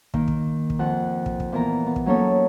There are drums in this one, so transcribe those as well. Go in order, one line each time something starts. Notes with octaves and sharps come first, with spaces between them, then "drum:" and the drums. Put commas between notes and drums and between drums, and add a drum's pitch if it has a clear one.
D#3 A#3, drum: kick
drum: kick
drum: kick
F2 F#5
drum: kick
drum: kick
A#2 E3 B3 A#4 A#5
B3
drum: kick
F#3 A#3 C#4 D#4 A4 C#5